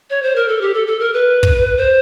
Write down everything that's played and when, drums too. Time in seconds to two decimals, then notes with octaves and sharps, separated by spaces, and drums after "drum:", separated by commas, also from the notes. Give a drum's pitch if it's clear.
0.10 C#5
0.23 C5
0.36 A#4
0.48 A4
0.61 G4
0.74 A4
0.87 A4
1.00 A#4
1.13 B4
1.43 drum: kick
1.77 C5